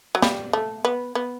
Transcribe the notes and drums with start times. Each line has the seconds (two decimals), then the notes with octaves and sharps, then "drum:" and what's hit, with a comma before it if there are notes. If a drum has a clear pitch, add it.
0.15 F#3
0.22 G3, drum: snare
0.53 A3
0.85 B3
1.15 B3